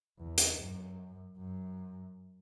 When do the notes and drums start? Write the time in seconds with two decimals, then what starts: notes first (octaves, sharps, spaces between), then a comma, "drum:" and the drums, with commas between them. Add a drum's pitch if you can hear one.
0.18 E2
0.38 drum: hi-hat
0.57 F#2
1.38 F#2